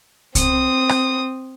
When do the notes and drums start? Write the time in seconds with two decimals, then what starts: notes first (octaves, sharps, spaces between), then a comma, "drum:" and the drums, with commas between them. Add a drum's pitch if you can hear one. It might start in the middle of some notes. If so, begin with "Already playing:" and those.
0.35 C4 D#6, drum: kick C2, hi-hat
0.89 drum: rim click